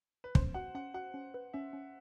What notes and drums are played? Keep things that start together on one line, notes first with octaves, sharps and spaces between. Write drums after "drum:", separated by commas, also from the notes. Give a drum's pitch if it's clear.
B4
C#4 C5, drum: kick
F#4 F#5
C#4 F#5
F#4 F#5
C#4
B4
C#4 E5
C#4